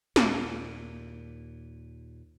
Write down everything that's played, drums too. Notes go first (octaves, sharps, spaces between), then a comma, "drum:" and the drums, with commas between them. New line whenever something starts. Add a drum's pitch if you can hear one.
D#2 A#2, drum: snare